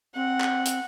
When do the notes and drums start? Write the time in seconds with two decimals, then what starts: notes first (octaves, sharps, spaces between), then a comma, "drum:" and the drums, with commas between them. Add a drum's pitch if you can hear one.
0.15 C4 F#5
0.41 drum: clap
0.66 drum: hi-hat